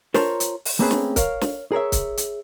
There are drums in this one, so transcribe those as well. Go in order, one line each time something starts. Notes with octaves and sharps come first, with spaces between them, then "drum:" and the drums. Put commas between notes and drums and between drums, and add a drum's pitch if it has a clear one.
F4 A#4 C5 C#5 A5 A#5, drum: snare
drum: hi-hat
drum: open hi-hat
A3 A#3 C4 C#4 G#4 B4
drum: snare
A#4 C#5 F5, drum: kick, hi-hat
drum: snare
G#4 A#4 C#5 E5
drum: kick, hi-hat
drum: hi-hat